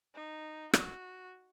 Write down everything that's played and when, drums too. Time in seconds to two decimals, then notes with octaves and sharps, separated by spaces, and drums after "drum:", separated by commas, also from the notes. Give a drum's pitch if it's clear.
0.14 D#4
0.74 F#4, drum: rim click